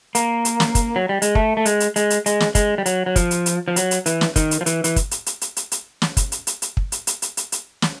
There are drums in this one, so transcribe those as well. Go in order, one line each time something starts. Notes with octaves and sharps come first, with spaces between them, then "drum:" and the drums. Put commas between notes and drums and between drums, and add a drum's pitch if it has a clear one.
A#3, drum: hi-hat
drum: hi-hat
drum: snare
drum: kick, hi-hat
F#3
G3
G#3, drum: hi-hat
A3, drum: kick
A3
G#3, drum: hi-hat
drum: hi-hat
G#3, drum: hi-hat
drum: hi-hat
G#3, drum: hi-hat
drum: snare
G#3, drum: kick, hi-hat
G3
F#3, drum: hi-hat
F#3
F3, drum: kick, hi-hat
drum: hi-hat
drum: hi-hat
F3
F#3, drum: hi-hat
drum: hi-hat
E3, drum: hi-hat
drum: snare
D#3, drum: kick, hi-hat
drum: hi-hat
F3
E3, drum: hi-hat
E3, drum: hi-hat
drum: kick, hi-hat
drum: hi-hat
drum: hi-hat
drum: hi-hat
drum: hi-hat
drum: hi-hat
drum: snare
drum: kick, hi-hat
drum: hi-hat
drum: hi-hat
drum: hi-hat
drum: kick
drum: hi-hat
drum: hi-hat
drum: hi-hat
drum: hi-hat
drum: hi-hat
drum: snare